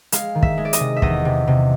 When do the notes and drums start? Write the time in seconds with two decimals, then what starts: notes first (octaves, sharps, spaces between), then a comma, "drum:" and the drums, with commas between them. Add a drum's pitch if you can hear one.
0.12 G#3 F5, drum: hi-hat
0.35 D#3
0.43 E5, drum: kick
0.58 G#3
0.65 D5
0.73 D#5, drum: hi-hat
0.80 C3
0.96 E5
1.02 E2 D#5, drum: kick
1.25 C3
1.47 C3